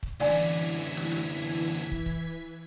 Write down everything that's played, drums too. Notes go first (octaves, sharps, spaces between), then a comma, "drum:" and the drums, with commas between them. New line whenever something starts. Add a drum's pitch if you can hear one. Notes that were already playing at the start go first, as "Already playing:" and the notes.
drum: kick
F#2 D3 E3 D5 F5 G#5 G#6 B6, drum: snare
drum: snare
drum: snare
drum: kick
drum: kick